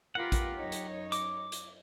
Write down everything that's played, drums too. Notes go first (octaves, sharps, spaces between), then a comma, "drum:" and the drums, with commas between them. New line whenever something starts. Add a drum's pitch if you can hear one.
F4 G4 A#4 B4 F#5
drum: kick, hi-hat
F#2 D#4 C#5
drum: hi-hat
D6, drum: hi-hat
drum: hi-hat